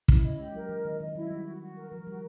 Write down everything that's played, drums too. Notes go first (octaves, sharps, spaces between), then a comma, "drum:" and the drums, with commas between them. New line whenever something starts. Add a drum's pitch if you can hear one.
C#4 E4, drum: kick
C#4 D#5
G#3 G4
F#3 A#4
E3 D#5
D#3 D#5
D#3 D#5
F#3 E4
G3 F#4
F#4
F#4
A#4
F3 A#4
G3 F#4